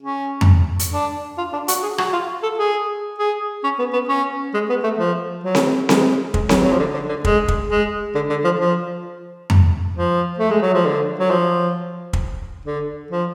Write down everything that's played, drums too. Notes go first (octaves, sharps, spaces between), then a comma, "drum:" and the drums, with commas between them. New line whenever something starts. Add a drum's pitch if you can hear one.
C#4
drum: tom F2
drum: hi-hat
D4
F4
D4
F#4, drum: hi-hat
G#4
F#4, drum: rim click
F4
A4
G#4
G#4
C#4
B3
B3
C#4
G#3
B3
A3
F3
F#3
drum: snare C4
G#3, drum: snare C4
G#3, drum: kick
F#3, drum: snare C4
F#3
F3
D3
D3
D3
G#3, drum: kick
drum: kick
G#3
D3
D3
F3
F3
drum: tom F2
F3
A3
G#3
F#3
F3
D3
F#3
F3
drum: kick
D3
F3